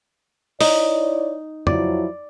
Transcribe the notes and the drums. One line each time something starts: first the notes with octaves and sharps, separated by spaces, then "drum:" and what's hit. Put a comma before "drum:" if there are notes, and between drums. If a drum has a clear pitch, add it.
D#4 E4 C#5 D5, drum: open hi-hat
F3 F#3 E4 D5, drum: tom